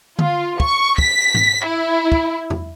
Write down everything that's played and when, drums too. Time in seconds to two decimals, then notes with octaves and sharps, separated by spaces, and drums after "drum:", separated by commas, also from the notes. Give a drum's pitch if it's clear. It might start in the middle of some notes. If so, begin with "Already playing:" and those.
0.19 F4, drum: tom D3
0.60 C#6, drum: kick
0.98 B6, drum: kick
1.34 drum: tom G#2
1.64 E4
2.12 drum: kick
2.50 drum: tom E2